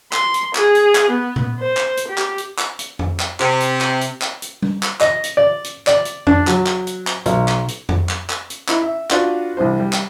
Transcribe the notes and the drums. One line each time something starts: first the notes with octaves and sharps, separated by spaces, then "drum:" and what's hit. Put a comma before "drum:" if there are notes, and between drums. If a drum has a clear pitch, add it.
C6, drum: clap
drum: hi-hat
G#4, drum: clap
drum: hi-hat
drum: clap
B3
drum: tom A#2
C5
drum: clap
drum: hi-hat
G4
drum: clap
drum: hi-hat
drum: clap
drum: hi-hat
drum: tom F2
drum: clap
C3, drum: clap
drum: hi-hat
drum: clap
drum: hi-hat
drum: clap
drum: hi-hat
drum: tom
drum: clap
D#5, drum: clap
drum: hi-hat
D5
drum: hi-hat
D5, drum: clap
drum: hi-hat
D4, drum: tom F2
F#3, drum: clap
drum: clap
drum: hi-hat
drum: clap
B1, drum: hi-hat
drum: clap
drum: hi-hat
drum: tom F2
drum: clap
drum: clap
drum: hi-hat
D#4 E4, drum: clap
E5
D4 F4 F#4 B4 D5, drum: clap
C2 E3 D4 C5
G3
drum: clap